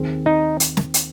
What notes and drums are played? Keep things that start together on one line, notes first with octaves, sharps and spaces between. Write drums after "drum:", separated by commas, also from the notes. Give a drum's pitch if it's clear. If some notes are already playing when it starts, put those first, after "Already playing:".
Already playing: D#2 D#3 C4 G#4 C5
D#4
drum: hi-hat
drum: snare
drum: hi-hat